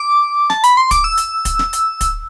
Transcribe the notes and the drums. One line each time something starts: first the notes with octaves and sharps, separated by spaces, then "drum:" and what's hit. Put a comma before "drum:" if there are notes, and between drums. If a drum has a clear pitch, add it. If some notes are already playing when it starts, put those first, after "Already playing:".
Already playing: D6
A5, drum: snare
B5, drum: hi-hat
C6
D6, drum: kick, hi-hat
E6
drum: hi-hat
drum: kick, hi-hat
drum: snare
drum: hi-hat
drum: kick, hi-hat